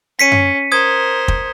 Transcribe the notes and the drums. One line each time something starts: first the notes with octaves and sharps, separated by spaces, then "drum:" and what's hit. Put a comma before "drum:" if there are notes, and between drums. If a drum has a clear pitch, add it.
C#4 B6 C#7 D#7
drum: tom F#2
A#4 C5 D#6 G#6
drum: kick